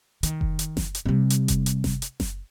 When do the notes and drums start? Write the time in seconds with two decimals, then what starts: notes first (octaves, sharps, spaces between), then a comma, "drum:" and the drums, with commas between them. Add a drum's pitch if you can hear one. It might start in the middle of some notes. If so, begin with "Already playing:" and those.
0.23 D#3, drum: hi-hat
0.41 drum: kick F1
0.59 drum: hi-hat
0.77 drum: snare F#1
0.95 drum: hi-hat
1.05 C3 G3
1.30 drum: hi-hat
1.48 drum: kick F1, hi-hat
1.66 drum: hi-hat
1.84 drum: snare F#1
2.02 drum: hi-hat
2.20 drum: snare F#1